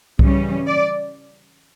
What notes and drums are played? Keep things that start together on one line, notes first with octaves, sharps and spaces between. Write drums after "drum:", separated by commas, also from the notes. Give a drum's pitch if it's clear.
C#3 E3 G3 C#4, drum: kick C2
D5